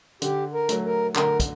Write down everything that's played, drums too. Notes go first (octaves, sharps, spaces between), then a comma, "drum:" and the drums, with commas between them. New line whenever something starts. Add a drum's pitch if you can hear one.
D3 G4, drum: hi-hat
A#4
F#3 A3, drum: hi-hat
A#4
D3 A#4, drum: clap
drum: kick, hi-hat